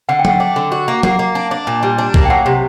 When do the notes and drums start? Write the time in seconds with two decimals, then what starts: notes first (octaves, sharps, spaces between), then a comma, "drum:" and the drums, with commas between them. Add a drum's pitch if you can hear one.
0.09 D3 F#5
0.19 G5
0.25 A3 F#5, drum: tom F#3
0.40 D4 G5
0.56 D3
0.72 F#4
0.88 A#3
1.03 A#3 F#5, drum: tom F#3
1.19 A#3
1.35 D4
1.51 D4
1.67 A#2
1.83 G3
1.98 D4
2.14 A#3, drum: kick
2.25 G5
2.30 F#3 F#5
2.46 C3